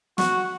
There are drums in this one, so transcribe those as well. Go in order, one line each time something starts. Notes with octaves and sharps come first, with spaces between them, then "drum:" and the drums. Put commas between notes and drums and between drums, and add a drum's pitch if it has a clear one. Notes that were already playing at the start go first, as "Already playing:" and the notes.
F#4, drum: snare